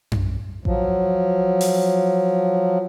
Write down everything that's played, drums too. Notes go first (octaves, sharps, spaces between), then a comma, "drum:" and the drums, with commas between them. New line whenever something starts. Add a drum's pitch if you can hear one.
drum: tom F#2
F3 F#3, drum: kick A1
drum: open hi-hat